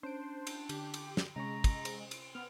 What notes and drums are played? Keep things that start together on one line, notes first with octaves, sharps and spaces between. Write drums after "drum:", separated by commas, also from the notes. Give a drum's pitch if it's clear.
C#4 D4 C5 D7
drum: cymbal
D3 G4, drum: cymbal
drum: cymbal
drum: snare
C3 G#3 C#4 A#5 C#6
drum: kick, cymbal
C5, drum: cymbal
drum: cymbal
B3 F6